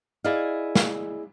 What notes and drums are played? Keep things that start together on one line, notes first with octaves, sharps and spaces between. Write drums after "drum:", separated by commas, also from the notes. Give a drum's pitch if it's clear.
E4 G#4 D5 D#5 F5
drum: snare